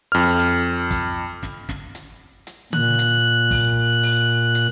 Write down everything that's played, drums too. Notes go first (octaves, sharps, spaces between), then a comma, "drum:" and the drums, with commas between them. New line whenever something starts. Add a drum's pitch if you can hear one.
F2 F6
drum: hi-hat
drum: kick, hi-hat
drum: snare
drum: snare
drum: hi-hat
drum: hi-hat
A#2 F#6, drum: tom C#3
drum: hi-hat
drum: kick, open hi-hat
drum: open hi-hat
drum: hi-hat